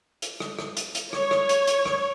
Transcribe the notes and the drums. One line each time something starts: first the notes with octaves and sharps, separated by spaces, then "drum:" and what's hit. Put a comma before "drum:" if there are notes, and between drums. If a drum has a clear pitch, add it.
drum: hi-hat
drum: rim click
drum: rim click
drum: hi-hat
drum: hi-hat
C#5, drum: rim click
drum: rim click
drum: hi-hat
drum: hi-hat
drum: rim click